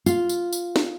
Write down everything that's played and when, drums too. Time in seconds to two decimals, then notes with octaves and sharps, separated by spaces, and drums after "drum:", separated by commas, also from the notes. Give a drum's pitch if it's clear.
0.06 F4, drum: tambourine
0.29 drum: tambourine
0.53 drum: tambourine
0.76 drum: snare